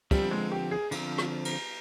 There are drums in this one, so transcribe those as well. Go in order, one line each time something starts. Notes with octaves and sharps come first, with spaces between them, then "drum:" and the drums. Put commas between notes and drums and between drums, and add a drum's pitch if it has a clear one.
D3 F3 G3 C4, drum: kick, cymbal
G#3
G4
G#4
D3 F3 C4, drum: cymbal
drum: rim click
drum: cymbal